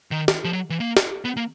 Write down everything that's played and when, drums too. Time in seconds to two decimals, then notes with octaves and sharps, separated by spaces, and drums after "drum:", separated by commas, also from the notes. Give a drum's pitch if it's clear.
0.11 D#3
0.28 drum: snare
0.45 F3
0.53 F#3
0.70 E3
0.80 A#3
0.97 drum: snare
1.25 B3
1.37 A#3